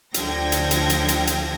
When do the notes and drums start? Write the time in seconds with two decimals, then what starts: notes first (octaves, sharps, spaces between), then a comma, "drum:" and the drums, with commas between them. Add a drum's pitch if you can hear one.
0.14 D2 D3 F3 G5 G#6 A#6, drum: hi-hat
0.52 drum: hi-hat
0.71 drum: hi-hat
0.90 drum: hi-hat
1.08 drum: hi-hat
1.27 drum: hi-hat